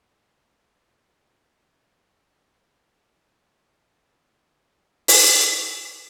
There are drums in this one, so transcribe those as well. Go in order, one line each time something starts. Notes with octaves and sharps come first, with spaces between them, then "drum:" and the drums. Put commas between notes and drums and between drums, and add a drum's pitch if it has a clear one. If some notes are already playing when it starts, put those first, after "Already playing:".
E2 G#2 B2
C#2 A#4 C#5 E5
C#4 D#4 D#6 E6 D7
D2 A#2
drum: open hi-hat